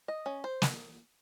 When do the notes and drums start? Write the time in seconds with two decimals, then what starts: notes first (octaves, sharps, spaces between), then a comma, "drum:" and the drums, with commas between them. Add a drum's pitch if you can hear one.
0.08 D#5
0.26 C#4
0.44 C5
0.62 drum: snare